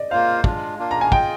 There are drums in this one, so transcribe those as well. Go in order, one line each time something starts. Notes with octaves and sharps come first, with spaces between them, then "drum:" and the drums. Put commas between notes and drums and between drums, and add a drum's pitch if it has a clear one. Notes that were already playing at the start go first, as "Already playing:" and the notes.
Already playing: D5 D#5
A#3 F4 C5 F5
G#3 D4 F4, drum: kick
A#3 D4 F4
A#5
G#5
F4 G#4 D#5 G5, drum: kick